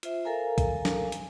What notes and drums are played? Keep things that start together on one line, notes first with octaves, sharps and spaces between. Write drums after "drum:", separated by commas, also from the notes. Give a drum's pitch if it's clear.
F4 C5 E5, drum: hi-hat
A4 A#4 F5 G#5 A#5
drum: kick B1, hi-hat
drum: snare
drum: hi-hat